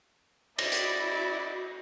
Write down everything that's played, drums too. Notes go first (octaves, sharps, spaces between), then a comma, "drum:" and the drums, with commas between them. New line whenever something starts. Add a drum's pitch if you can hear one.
E4 F#4 D5 D#5 A#6, drum: cymbal
drum: hi-hat